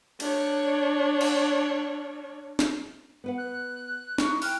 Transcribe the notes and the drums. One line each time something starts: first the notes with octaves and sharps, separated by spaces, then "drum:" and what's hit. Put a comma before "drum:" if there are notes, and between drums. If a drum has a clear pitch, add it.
D4 C#5, drum: cymbal
drum: cymbal
drum: snare
B3 B4 F#5
F#6
D#4 E4 C#6, drum: snare
G5 F6 F#6, drum: open hi-hat